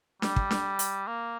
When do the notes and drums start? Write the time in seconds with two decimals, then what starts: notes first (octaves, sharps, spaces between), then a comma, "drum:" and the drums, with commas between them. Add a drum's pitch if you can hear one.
0.22 G3, drum: snare D4
0.36 drum: kick
0.51 drum: snare D4
0.79 drum: hi-hat
1.07 A#3